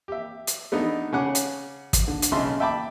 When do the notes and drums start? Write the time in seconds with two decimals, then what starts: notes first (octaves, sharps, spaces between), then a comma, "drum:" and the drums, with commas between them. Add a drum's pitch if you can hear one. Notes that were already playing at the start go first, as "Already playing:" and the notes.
0.08 G4 E5
0.47 drum: hi-hat
0.72 A3 B3 D4 D#4
1.12 C#3 C#4 F#5 D6
1.35 drum: hi-hat
1.93 drum: kick, hi-hat
2.08 D3
2.22 drum: hi-hat
2.32 B1 C#3 E5 A5 C6
2.60 E5 G5 A5 B5 D6